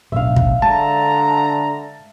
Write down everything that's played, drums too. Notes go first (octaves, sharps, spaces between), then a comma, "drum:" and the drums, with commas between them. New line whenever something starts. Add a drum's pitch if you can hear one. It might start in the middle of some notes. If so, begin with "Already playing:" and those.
D1 B1 D4 E5 F5
drum: kick
D3 G#3 A5 A#5